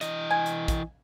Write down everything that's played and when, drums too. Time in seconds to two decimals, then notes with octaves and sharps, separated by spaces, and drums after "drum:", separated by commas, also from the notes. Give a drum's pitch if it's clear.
0.01 E3 D#5, drum: hi-hat
0.31 G#5
0.46 drum: hi-hat
0.68 drum: kick, hi-hat